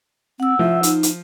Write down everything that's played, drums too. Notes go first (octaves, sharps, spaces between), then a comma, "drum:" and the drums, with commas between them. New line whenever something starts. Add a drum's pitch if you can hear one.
C4 F#5 E6
F3 E5
D#4, drum: hi-hat
drum: hi-hat